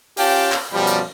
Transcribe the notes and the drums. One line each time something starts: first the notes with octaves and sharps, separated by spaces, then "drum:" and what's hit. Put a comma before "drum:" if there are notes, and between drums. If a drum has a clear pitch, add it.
C#4 F4 G4 F5 G5 A5, drum: open hi-hat
drum: clap
F#2 B2 F3 G3
drum: hi-hat